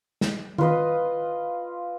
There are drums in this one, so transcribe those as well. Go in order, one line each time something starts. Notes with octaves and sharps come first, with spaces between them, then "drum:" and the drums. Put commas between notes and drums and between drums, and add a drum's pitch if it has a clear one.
drum: snare
F4 B4 D#5, drum: tom